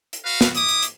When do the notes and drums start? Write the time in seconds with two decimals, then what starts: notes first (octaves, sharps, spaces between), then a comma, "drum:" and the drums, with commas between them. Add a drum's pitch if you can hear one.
0.13 drum: hi-hat
0.23 F#4 B4 F5
0.41 drum: snare
0.55 E4 D6 D#6, drum: hi-hat
0.69 drum: hi-hat
0.82 drum: hi-hat